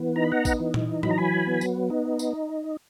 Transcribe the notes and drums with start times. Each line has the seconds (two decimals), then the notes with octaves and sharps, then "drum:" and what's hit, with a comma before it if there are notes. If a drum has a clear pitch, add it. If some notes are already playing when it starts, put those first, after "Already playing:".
Already playing: E3 B3
0.16 D#4 A#5
0.24 B5
0.32 F#5 A#5
0.45 drum: kick A1, tambourine
0.60 E3
0.74 drum: tom A#2
1.03 F#3 B5, drum: tom A2
1.11 A#5
1.18 G#5 B5
1.47 B3
1.61 drum: tambourine
1.90 D#4
2.19 drum: tambourine